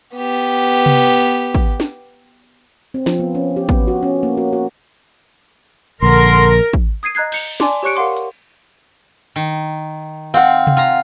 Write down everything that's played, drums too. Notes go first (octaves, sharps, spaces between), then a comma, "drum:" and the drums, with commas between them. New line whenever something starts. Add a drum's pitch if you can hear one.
B3 G4
drum: tom C3
drum: kick
drum: snare
C4
F3, drum: snare
B3
C#4
G4
B3, drum: kick
F#4
C#4
A#3
F#4
F#4
A#1 D3 A#4 C6
drum: kick
D#6 G#6 C7 D#7
D#5 A#5 F#6 G#6 C7
G6 C#7 F7, drum: cymbal
D5 G#5 A5 C6 D6, drum: snare
G4 C#5 C#6 F#6 C#7 D7
A#4 F5 F#5 C6 D6
drum: hi-hat
D#3
C4 F5 F#5
drum: tom C3
F4 A#5